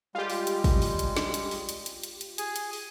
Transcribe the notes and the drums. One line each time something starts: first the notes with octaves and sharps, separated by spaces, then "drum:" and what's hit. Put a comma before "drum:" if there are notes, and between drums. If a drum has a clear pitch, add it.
G3 G#3 F4 G4
drum: open hi-hat
drum: hi-hat
drum: kick, open hi-hat
drum: open hi-hat
drum: hi-hat
drum: snare
drum: hi-hat
drum: open hi-hat
drum: hi-hat
drum: hi-hat
drum: hi-hat
drum: hi-hat
G#4 G#5, drum: hi-hat
drum: hi-hat
drum: open hi-hat